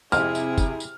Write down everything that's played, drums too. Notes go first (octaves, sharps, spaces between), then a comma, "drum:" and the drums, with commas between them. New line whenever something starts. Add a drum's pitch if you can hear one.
F2 G#2 C3 A#3 E4 G#4 F6, drum: tambourine
drum: tambourine
drum: kick F#1, tambourine
drum: tambourine